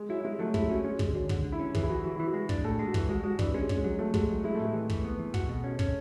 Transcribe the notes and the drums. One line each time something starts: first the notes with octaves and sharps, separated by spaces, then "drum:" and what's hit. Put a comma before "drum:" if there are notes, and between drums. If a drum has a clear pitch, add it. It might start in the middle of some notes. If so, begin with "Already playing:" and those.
Already playing: G#3
F#3 E4
G#3 E4
F#3 A3
G#3 E4, drum: kick
F#3 C#4
G#3 C#4
D3 G#3, drum: kick
D3 F#3
D3, drum: kick
D3
E4
C#4
E3 G#4, drum: kick
E4
E3 F#4
E3 F#4
E3 E4
F#4
G#3
D4, drum: kick
A2 A4
G#3
F#4
E3, drum: kick
G#3 F#4
G#3 F#4
E3 D4, drum: kick
G#3 C#4
C#4, drum: kick
G#3
F#3
F#3 A3
F#3 G#3, drum: kick
F#3
G#3 E4
A2 A3
G#3
E3
E3, drum: kick
B3
E3
F#4, drum: kick
B2
C#4
C#4, drum: kick